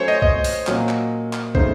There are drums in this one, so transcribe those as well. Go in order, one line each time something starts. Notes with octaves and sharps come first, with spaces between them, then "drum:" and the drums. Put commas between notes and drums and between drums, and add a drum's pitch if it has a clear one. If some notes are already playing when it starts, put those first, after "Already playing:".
Already playing: F#3 A3 C#4 A4 C5 C#5
D#5
D#5, drum: kick
drum: open hi-hat
A#2 F#3 A#3 C#4, drum: clap
drum: clap
drum: clap
C#3 A3 D#4 C5, drum: kick